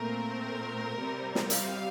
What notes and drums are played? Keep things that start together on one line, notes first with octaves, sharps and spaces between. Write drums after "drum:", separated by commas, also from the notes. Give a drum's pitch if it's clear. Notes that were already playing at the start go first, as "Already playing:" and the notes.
Already playing: A#2 A3 C4 A#4
C3 G3 C4
drum: snare
F5, drum: hi-hat